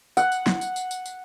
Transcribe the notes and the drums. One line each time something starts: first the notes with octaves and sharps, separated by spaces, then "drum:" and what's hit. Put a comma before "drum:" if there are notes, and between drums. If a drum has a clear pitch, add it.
F#5, drum: tambourine
drum: tambourine
drum: snare
drum: tambourine
drum: tambourine
drum: tambourine
drum: tambourine